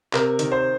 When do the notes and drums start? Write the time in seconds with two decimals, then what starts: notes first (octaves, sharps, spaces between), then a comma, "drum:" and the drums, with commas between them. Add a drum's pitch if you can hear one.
0.13 C3 A#4, drum: clap
0.39 D#3, drum: hi-hat
0.52 C5